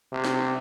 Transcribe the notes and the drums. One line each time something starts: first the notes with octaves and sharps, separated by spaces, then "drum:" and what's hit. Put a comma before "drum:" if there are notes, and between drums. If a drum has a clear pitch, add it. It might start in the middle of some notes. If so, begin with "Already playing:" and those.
C3
drum: snare